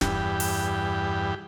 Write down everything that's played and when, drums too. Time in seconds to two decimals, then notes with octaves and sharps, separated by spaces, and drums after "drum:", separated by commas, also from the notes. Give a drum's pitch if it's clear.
0.01 E2 G2 G4, drum: snare
0.40 drum: open hi-hat